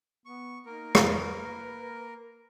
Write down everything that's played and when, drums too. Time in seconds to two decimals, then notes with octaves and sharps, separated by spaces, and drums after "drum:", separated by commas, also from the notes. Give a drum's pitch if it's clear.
0.26 B3 C#6
0.66 A#3 D#4 A#4
0.95 B4, drum: rim click